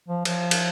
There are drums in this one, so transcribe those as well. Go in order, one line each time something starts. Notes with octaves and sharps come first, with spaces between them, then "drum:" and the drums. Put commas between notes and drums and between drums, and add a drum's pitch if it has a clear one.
F3
F3, drum: cymbal
drum: cymbal